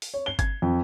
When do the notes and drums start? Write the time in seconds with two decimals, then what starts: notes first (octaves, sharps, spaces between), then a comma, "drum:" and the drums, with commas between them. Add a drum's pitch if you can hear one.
0.02 drum: open hi-hat
0.14 C#5
0.26 G7
0.39 G#6, drum: kick G1, hi-hat
0.62 F2